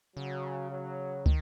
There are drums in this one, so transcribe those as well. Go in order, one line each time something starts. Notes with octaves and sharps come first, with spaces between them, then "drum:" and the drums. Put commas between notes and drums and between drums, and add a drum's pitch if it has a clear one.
C#3 F#3
F#3
D#3, drum: kick